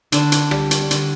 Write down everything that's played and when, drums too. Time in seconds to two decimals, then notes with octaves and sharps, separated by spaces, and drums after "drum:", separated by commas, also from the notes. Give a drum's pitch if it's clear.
0.12 D3 D4, drum: hi-hat
0.32 drum: hi-hat
0.51 G3, drum: rim click
0.71 drum: hi-hat
0.91 D3, drum: hi-hat